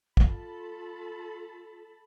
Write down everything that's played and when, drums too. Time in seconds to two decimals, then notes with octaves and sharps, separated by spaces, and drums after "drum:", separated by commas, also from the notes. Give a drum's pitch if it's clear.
0.17 F4 A4 A5 B5, drum: kick